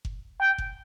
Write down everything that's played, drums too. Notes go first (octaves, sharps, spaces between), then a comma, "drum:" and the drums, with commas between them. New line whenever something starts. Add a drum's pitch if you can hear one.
drum: kick F#1
G5
drum: kick F#1